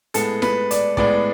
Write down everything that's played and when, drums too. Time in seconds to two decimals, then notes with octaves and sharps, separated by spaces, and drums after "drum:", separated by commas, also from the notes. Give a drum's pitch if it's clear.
0.14 A2 G#3 B3 A4, drum: hi-hat
0.42 B4, drum: snare
0.71 D5, drum: hi-hat
0.97 A2 G#3 B3 D5, drum: kick